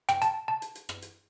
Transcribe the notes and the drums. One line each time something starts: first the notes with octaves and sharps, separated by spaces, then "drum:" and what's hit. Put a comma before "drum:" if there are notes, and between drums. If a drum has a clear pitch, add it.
G5, drum: rim click
A5, drum: hi-hat
A5
drum: hi-hat
drum: hi-hat
drum: rim click
drum: hi-hat